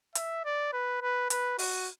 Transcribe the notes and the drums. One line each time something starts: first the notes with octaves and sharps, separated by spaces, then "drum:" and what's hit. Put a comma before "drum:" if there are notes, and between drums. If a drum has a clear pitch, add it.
E5, drum: hi-hat
D5
B4
B4
B4, drum: hi-hat
F#4, drum: open hi-hat